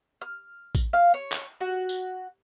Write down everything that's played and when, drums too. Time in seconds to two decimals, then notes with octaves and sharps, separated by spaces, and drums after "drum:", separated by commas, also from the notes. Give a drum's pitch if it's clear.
0.21 F6
0.75 drum: kick, tambourine
0.93 F5
1.14 C#5
1.32 drum: clap
1.61 F#4
1.89 drum: tambourine